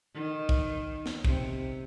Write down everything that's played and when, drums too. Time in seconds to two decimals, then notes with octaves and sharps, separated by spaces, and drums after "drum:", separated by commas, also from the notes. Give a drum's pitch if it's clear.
0.14 D#3
0.49 drum: kick
1.06 drum: snare
1.25 C3, drum: kick